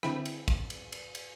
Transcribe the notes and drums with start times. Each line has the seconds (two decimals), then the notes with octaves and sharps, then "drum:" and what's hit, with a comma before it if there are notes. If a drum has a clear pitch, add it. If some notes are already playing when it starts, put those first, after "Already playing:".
0.03 D3 C4 E4 G5 B5, drum: rim click
0.25 drum: cymbal
0.48 drum: kick, cymbal
0.70 drum: cymbal
0.92 drum: cymbal
1.15 drum: cymbal